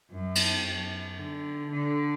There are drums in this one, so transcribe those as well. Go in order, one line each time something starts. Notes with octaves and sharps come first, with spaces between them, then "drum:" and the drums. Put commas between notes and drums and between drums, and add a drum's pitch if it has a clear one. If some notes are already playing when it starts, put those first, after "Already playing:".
F#2
drum: cymbal
F#2
D3
D3